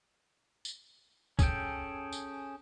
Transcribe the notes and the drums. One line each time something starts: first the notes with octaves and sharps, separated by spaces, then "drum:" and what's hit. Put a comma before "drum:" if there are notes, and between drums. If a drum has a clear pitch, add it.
drum: tambourine
C#4 G#4 A4 G5, drum: kick, tambourine
drum: tambourine